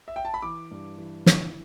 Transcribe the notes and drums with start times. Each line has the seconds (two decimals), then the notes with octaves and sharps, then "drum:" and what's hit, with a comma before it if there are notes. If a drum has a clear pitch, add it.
0.08 E5
0.16 G5
0.25 A5
0.34 B5
0.42 E3 D6
0.71 G2
0.98 E3
1.26 E3, drum: snare